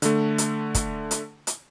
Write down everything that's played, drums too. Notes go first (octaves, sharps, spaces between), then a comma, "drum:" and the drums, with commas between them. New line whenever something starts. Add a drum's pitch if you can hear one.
D3 A3, drum: hi-hat
drum: hi-hat
drum: kick, hi-hat
drum: hi-hat
drum: hi-hat